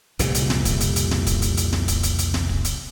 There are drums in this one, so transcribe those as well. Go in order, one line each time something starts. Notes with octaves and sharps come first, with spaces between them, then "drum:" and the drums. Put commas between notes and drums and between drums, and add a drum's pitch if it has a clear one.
F1 C2 A#2 C#3, drum: hi-hat
drum: hi-hat
drum: snare
drum: kick, hi-hat
drum: hi-hat
drum: hi-hat
drum: snare
drum: kick, hi-hat
drum: hi-hat
drum: hi-hat
drum: snare
drum: kick, hi-hat
drum: hi-hat
drum: hi-hat
drum: snare
drum: kick
drum: hi-hat